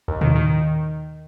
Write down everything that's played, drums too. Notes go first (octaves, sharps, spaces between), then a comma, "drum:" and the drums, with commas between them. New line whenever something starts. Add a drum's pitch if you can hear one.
D#2
D#3, drum: tom
D#3